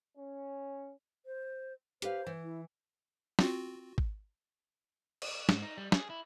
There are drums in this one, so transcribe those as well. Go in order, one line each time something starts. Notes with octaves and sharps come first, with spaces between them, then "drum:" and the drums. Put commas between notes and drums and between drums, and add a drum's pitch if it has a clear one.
C#4
C5
G4 B4 C5 F5, drum: hi-hat
E3
E4
C4 F4 F#4, drum: snare
drum: kick G#1
drum: cymbal
G#2, drum: snare
D#4
G3
G#4, drum: snare
E4